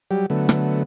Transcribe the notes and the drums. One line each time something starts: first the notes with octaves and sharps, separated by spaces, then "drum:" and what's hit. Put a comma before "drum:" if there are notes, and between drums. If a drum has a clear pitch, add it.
F#3 G3 G4
D3 F#3 A3 B3
drum: rim click